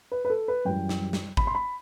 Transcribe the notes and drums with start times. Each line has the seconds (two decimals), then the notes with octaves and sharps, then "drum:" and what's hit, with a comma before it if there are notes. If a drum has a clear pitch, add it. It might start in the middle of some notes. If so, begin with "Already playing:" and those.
0.12 B4
0.25 B4
0.30 A4
0.48 B4
0.65 F#2 E3 G3 G5
0.89 drum: snare
1.13 drum: snare
1.37 B5, drum: kick G#1
1.47 C6
1.55 B5